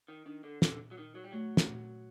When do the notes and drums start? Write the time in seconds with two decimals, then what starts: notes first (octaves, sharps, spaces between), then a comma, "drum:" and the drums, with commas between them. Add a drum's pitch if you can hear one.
0.08 D#3
0.26 D#3 D4
0.44 D3
0.62 A#2 D3, drum: snare
0.91 F#3
0.98 D#3 D#4
1.15 F#3
1.24 G3
1.32 F#3 A3
1.57 drum: snare
1.69 A#2